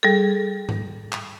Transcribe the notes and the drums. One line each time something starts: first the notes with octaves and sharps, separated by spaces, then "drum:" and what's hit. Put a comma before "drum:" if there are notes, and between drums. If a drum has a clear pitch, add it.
G3 G#4 A4
drum: tom G#2
drum: clap